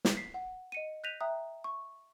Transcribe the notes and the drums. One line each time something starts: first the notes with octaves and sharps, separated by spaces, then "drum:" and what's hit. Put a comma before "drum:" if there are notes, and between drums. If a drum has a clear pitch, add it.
drum: snare
B6 C7
F#5
D#5 C#7 D#7
F#6 G6 A#6 B6 D#7 F7
E5 G5 A#5 D#6 F#6
C#6